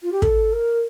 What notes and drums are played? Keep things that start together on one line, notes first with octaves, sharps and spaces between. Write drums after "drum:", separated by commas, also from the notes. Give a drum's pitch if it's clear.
F4
G4
A4, drum: kick
A#4